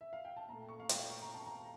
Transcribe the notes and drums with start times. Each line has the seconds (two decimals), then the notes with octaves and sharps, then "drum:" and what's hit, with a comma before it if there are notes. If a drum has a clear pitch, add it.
0.01 E5
0.13 F5
0.25 G5
0.37 A5
0.48 A#2 A3 A#5
0.69 C#6
0.80 F5
0.89 G5, drum: hi-hat
1.10 C#6
1.22 A#5
1.34 A5
1.46 A#5